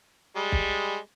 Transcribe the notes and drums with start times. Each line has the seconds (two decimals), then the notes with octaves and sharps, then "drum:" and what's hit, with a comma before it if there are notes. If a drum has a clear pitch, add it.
0.36 G3 G#3
0.52 drum: kick B1